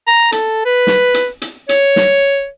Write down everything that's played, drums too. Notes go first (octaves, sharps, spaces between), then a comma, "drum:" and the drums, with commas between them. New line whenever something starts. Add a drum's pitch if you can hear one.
A#5
A4, drum: hi-hat
B4
drum: snare
drum: hi-hat
drum: hi-hat
C#5, drum: hi-hat
drum: snare